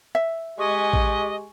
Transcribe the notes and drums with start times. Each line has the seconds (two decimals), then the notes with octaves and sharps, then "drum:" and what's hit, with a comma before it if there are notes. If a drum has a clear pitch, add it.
0.15 E5
0.58 G#3 G4 D#5 G#5 C#6
0.93 drum: kick A1